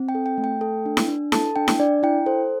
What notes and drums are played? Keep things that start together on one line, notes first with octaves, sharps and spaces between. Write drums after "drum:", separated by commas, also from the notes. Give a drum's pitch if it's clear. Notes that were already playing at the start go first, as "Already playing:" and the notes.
Already playing: C4
G5
A4
G5
A3
G5
A4
D4
drum: snare E4
D4
A4 A5, drum: snare E4
D4 G5
drum: snare E4
D4 D5
E4 G5
A4 C5